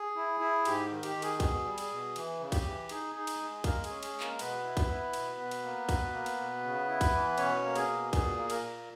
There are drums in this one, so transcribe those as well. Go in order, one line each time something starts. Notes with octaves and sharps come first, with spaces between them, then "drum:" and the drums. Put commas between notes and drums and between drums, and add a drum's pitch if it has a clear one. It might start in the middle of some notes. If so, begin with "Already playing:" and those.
Already playing: G#4
E4
E4
G#2 G4, drum: cymbal
D#3
G4, drum: cymbal
D#3
G#4, drum: cymbal
B2 G#4, drum: kick, cymbal
G3
G#4, drum: cymbal
B2
E3, drum: cymbal
C#3
G4, drum: kick, cymbal
E3
D#4 G#4, drum: cymbal
D#4 G#4
drum: cymbal
G#3 G#4
G#3 A#3 A#4, drum: kick, cymbal
G#4, drum: cymbal
C#4
G#4, drum: cymbal
G#3
A#3 A#4, drum: clap
B2 B3 B4, drum: cymbal
E4
drum: kick, cymbal
E4
B2, drum: cymbal
B2
drum: cymbal
A#3
B2, drum: kick, cymbal
A#3
drum: cymbal
B2
C#3
E4
drum: kick, cymbal
E3
B2 C#4 C#5, drum: cymbal
A#3
G#4, drum: cymbal
B2
A#2 G#4, drum: kick, cymbal
A#3
A#3 A#4, drum: cymbal
A#2